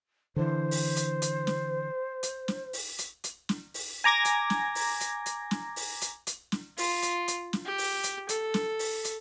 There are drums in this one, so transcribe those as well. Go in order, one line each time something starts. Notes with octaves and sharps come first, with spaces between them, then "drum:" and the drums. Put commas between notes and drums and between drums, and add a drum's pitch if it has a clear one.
D3 E3 C5
drum: open hi-hat
drum: hi-hat
drum: hi-hat
drum: snare
drum: hi-hat
drum: snare
drum: open hi-hat
drum: hi-hat
drum: hi-hat
drum: snare
drum: open hi-hat
G#5 A#5 D6 G#6 A#6
drum: hi-hat
drum: snare
drum: open hi-hat
drum: hi-hat
drum: hi-hat
drum: snare
drum: open hi-hat
drum: hi-hat
drum: hi-hat
drum: snare
F4, drum: open hi-hat
drum: hi-hat
drum: hi-hat
drum: snare
G4
drum: open hi-hat
drum: hi-hat
A4, drum: hi-hat
drum: snare
drum: open hi-hat
drum: hi-hat